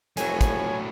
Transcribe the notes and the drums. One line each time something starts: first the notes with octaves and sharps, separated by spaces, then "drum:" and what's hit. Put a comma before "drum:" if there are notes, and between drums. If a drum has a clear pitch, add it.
F1 A2 F#3 C#5 G#5, drum: hi-hat
drum: kick, hi-hat